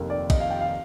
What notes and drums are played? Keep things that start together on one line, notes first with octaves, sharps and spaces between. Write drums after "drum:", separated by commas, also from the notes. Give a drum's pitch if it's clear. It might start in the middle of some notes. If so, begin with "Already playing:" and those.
Already playing: F1 D#2 A#4
D5
D#5, drum: kick, cymbal
F5
G5
F5